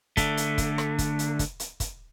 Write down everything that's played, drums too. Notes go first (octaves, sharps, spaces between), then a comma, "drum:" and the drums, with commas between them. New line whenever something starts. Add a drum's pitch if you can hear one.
D3 A3, drum: kick, hi-hat
drum: hi-hat
drum: kick, hi-hat
drum: rim click
drum: kick, hi-hat
drum: hi-hat
drum: kick, hi-hat
drum: hi-hat
drum: kick, hi-hat